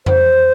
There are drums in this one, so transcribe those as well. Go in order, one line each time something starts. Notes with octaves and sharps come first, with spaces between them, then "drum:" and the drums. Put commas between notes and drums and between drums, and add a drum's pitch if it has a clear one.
C5, drum: tom F2